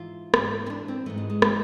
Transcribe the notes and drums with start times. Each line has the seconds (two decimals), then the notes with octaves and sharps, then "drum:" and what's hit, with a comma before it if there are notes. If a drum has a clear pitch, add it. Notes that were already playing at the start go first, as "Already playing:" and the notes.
Already playing: G#2 E3 F4
0.34 G#2 E3, drum: rim click
0.66 C4
0.70 D4
0.88 C4
1.06 G#2 E3 A3
1.18 G#3
1.30 G#3
1.42 drum: rim click